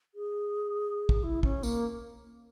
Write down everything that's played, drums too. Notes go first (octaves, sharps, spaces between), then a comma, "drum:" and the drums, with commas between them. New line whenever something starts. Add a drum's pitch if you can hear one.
G#4
drum: kick
E4
C#4, drum: kick
A#3, drum: tambourine